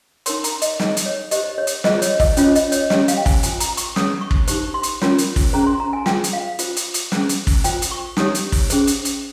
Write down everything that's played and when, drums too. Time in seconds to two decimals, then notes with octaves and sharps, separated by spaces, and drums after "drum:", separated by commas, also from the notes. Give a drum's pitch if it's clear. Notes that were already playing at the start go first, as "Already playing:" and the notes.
0.26 D#4 A#4 C#5 C6, drum: hi-hat
0.44 A#5, drum: hi-hat
0.62 D#5, drum: hi-hat
0.80 D#4 G#4 C#5 D#5, drum: snare
0.97 drum: hi-hat
1.06 C#5
1.31 G4 C5 D#5, drum: hi-hat
1.58 C#5
1.67 drum: hi-hat
1.84 F4 G#4 C5 D#5, drum: snare
2.02 C#5, drum: hi-hat
2.20 D#5, drum: kick, open hi-hat
2.37 C#4 F4 C5 C#5, drum: hi-hat
2.56 D#5, drum: hi-hat
2.72 C#5, drum: hi-hat
2.90 C#4 G4 C#5 D#5, drum: snare
3.08 F5, drum: hi-hat
3.18 G5
3.26 G#5, drum: kick, open hi-hat
3.43 F4 C5 G#5, drum: hi-hat
3.60 A#5, drum: hi-hat
3.77 C#6, drum: hi-hat
3.96 C#4 G#4 C#5 D#6, drum: snare
4.21 C#6
4.31 drum: kick
4.48 D#4 G4 C5 C#6, drum: hi-hat
4.74 C6
4.83 drum: hi-hat
5.02 C#4 F4 A#4 C#5, drum: snare
5.18 drum: hi-hat
5.36 drum: kick, open hi-hat
5.53 C#4 G#4 C5 A#5
5.67 C6
5.80 A#5
5.93 G#5
6.06 F4 G#4 C5 G5, drum: snare
6.24 drum: hi-hat
6.33 F5
6.59 F4 C5, drum: hi-hat
6.77 drum: hi-hat
6.94 drum: hi-hat
7.12 C#4 G#4 C5, drum: snare
7.29 drum: hi-hat
7.47 drum: kick, open hi-hat
7.64 F4 C5 G5, drum: hi-hat
7.82 drum: hi-hat
7.91 C#6
8.17 D#4 G4 C#5 D#6, drum: snare
8.35 drum: hi-hat
8.52 drum: kick, open hi-hat
8.70 C#4 G#4 C5, drum: hi-hat
8.87 drum: hi-hat
9.05 drum: hi-hat